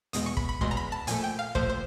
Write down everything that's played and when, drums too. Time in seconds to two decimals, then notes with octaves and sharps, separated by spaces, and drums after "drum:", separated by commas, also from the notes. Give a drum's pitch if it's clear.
0.13 E2 B2 G#3 D#6, drum: hi-hat
0.26 C#6
0.37 B5, drum: kick
0.49 B5
0.61 E2 B2 G#3 C6, drum: kick
0.71 A#5
0.77 B5
0.92 A5
1.07 A#2 F3 A3 G#5, drum: hi-hat
1.23 G5
1.39 F5
1.55 A#2 F3 A3 C5, drum: kick
1.70 C5